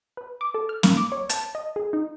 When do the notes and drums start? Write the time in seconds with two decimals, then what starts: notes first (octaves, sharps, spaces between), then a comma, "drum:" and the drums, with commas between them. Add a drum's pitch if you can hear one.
0.17 B4
0.41 D6
0.54 A4
0.69 F6
0.83 A#3, drum: snare
0.97 D6
1.12 C#5
1.30 A5, drum: hi-hat
1.55 D#5
1.76 G#4
1.93 D#4